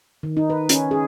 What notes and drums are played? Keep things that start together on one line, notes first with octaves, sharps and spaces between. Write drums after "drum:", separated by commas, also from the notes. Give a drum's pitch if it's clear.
D#3
D#4
B4
C#4, drum: hi-hat
G#4